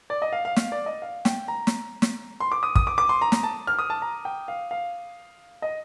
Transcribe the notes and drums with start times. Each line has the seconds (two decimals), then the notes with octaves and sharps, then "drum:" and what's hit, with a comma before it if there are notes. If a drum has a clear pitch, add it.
0.10 D5
0.22 D#5
0.33 F5
0.45 F5
0.56 F5, drum: snare
0.72 D5
0.86 D#5
1.02 F5
1.25 G5, drum: snare
1.48 A#5
1.67 drum: snare
2.02 drum: snare
2.40 C6
2.52 D6
2.63 D#6
2.75 D#6, drum: kick
2.87 D6
2.98 D6
3.09 C6
3.22 A#5
3.32 A#5, drum: snare
3.43 A5
3.67 F6
3.79 D#6
3.90 A5
4.02 A#5
4.25 G5
4.48 F5
4.71 F5
5.62 D#5